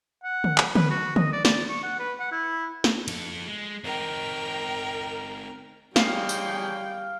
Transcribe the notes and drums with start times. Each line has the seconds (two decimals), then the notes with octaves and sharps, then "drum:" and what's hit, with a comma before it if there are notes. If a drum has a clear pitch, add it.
0.24 F#5
0.44 drum: tom D3
0.58 drum: clap
0.75 B4, drum: tom D3
0.90 F#4
1.16 D#5, drum: tom D3
1.32 D5
1.45 D5, drum: snare
1.69 C#6
1.83 F#5
1.99 B4
2.20 F#5
2.32 E4
2.84 drum: snare
3.08 F3 A4, drum: cymbal
3.47 G#3
3.84 C4 D#4 A#4 G5 A#5
5.96 G3 G#3 A#3 C#4 F5 G5, drum: snare
6.29 drum: tambourine